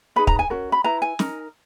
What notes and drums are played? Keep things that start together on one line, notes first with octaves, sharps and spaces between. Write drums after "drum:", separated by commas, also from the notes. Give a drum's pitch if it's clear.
D#4 G#4 B4 B5
A#5, drum: kick
G#5
C#4 F#4 A#4
B5
E4 B4 A#5
G#5
D#4 A#4, drum: snare